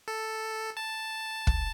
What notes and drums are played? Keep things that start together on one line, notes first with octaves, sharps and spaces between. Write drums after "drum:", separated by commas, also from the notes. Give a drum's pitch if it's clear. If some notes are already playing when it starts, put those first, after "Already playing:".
A4
A5
drum: kick